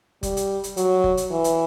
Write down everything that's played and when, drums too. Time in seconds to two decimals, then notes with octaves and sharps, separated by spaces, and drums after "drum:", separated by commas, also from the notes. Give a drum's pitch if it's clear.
0.23 G3, drum: kick F#1, hi-hat
0.37 drum: hi-hat
0.64 drum: hi-hat
0.77 F#3, drum: hi-hat
1.04 drum: kick F#1
1.17 drum: hi-hat
1.31 E3
1.44 drum: hi-hat